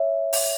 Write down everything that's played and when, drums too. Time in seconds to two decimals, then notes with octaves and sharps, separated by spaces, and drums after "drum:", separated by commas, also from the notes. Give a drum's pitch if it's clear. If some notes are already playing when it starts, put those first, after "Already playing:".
Already playing: C#5 E5
0.33 drum: open hi-hat